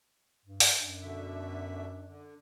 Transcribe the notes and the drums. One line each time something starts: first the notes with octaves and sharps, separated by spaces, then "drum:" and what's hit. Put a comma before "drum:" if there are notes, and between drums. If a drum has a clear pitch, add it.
G2
drum: open hi-hat
F#2 D4
B2 D3 E5
D3